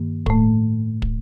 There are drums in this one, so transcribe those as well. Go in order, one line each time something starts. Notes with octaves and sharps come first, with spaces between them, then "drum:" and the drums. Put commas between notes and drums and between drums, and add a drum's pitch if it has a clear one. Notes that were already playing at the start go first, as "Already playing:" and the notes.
Already playing: G2 D#3 A#3
A2 A3, drum: kick
drum: kick